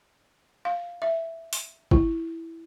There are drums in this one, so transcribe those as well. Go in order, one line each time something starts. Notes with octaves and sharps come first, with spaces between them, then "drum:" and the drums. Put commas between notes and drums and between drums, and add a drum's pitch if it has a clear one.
F5
E5
drum: open hi-hat
E4, drum: kick G1